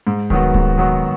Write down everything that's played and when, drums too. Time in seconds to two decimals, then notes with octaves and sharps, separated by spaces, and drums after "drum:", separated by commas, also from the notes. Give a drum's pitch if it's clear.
0.07 G#2
0.30 D#3 F#3 B3 F#4, drum: kick D1
0.54 G#2, drum: kick D1
0.78 D#3 F#3 B3 F#4